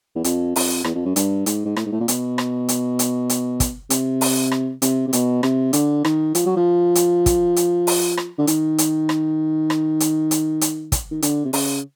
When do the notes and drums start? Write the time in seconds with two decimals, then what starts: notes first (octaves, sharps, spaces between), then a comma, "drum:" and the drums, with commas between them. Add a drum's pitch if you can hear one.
0.15 E2
0.24 F2, drum: hi-hat
0.56 F2, drum: open hi-hat
0.84 E2, drum: rim click
0.95 F2
1.06 F#2
1.16 G2, drum: hi-hat
1.46 G#2, drum: hi-hat
1.65 G#2
1.76 A2, drum: rim click
1.86 G#2
1.93 A2
2.00 A#2
2.08 B2, drum: hi-hat
2.38 drum: rim click
2.69 drum: hi-hat
2.99 drum: hi-hat
3.29 drum: hi-hat
3.60 drum: kick, hi-hat
3.90 C3, drum: hi-hat
4.21 drum: open hi-hat
4.51 drum: rim click
4.82 C3, drum: hi-hat
5.07 C3
5.13 B2, drum: hi-hat
5.43 C3, drum: rim click
5.73 D3, drum: hi-hat
6.05 D#3, drum: rim click
6.35 F3, drum: hi-hat
6.46 F#3
6.57 F3
6.95 drum: hi-hat
7.26 drum: kick, hi-hat
7.56 drum: hi-hat
7.87 drum: open hi-hat
8.17 drum: rim click
8.39 D3
8.47 D#3, drum: hi-hat
8.78 drum: hi-hat
9.09 drum: rim click
9.70 drum: rim click
10.00 drum: hi-hat
10.31 drum: hi-hat
10.61 drum: hi-hat
10.92 drum: kick, hi-hat
11.11 D#3
11.22 D3, drum: hi-hat
11.45 C3
11.53 C#3, drum: open hi-hat